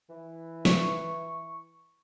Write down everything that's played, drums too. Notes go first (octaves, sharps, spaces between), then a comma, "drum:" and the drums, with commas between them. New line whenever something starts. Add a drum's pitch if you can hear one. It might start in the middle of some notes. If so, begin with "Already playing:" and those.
E3
C#6, drum: snare